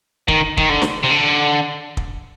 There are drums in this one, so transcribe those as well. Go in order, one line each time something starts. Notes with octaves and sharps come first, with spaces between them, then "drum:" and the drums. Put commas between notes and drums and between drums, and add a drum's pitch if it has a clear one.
D#3, drum: kick
D#3, drum: kick
D3
drum: snare
C3
D3
drum: kick